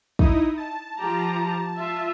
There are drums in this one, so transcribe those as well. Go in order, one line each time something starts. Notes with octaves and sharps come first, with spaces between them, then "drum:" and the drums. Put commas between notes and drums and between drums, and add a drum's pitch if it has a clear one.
D#4 E4 D#6, drum: kick
A5
F3 G4 A#5
F4 E5